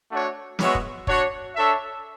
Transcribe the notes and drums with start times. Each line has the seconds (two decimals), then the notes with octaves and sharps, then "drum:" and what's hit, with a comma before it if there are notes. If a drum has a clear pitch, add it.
0.09 A3 D4 F#4 C#5
0.59 G#3 B3 F#4 C#5 E5, drum: snare
0.75 drum: kick
1.07 D4 F#4 C#5, drum: kick
1.56 D4 A4 C#5 E5